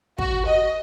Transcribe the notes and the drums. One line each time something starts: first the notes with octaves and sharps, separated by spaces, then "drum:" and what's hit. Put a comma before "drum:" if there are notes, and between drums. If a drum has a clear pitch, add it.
F#4, drum: kick
D#5